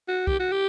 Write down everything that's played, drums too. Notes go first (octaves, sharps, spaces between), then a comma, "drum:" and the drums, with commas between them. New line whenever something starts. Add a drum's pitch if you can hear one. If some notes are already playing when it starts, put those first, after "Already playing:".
F#4
G4, drum: kick B1
F#4
G4